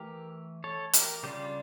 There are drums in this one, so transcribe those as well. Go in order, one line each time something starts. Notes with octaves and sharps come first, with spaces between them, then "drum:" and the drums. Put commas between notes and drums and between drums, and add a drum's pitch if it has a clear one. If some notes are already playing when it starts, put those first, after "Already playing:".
Already playing: E3 A3 G4 A#4
A4 C#5
G4 A#4, drum: hi-hat
C#3 G3 D4 F4 G4